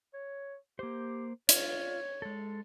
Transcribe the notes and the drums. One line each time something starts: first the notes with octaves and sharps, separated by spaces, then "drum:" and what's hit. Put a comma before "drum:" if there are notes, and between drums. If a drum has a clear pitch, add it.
C#5
A#3 G4 C5
F4 C#5, drum: hi-hat
G#3 A4